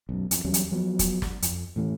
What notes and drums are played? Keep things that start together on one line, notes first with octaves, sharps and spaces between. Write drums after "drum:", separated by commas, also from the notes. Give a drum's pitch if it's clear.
B1 F#2
F2, drum: hi-hat
E2 F#3 G3 C#4
drum: hi-hat
F3 F#3 B3
drum: kick, hi-hat
drum: snare
F2, drum: hi-hat
A2 E3 A3